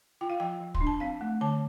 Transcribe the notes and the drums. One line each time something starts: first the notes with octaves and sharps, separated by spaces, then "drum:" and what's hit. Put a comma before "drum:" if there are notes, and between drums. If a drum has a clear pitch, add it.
F4 G5
F5
F3 G5
F3
C6, drum: kick
D4
A5
C4 F5
A3
D3 A5